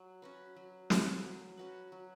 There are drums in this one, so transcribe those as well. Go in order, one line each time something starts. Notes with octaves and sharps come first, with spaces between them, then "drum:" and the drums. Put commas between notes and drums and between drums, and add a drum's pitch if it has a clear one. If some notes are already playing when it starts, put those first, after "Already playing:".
Already playing: F#3
C#4 F#4 B4
F#3
C#4 F#4 B4, drum: snare
F#3
C#4 F#4 B4
F#3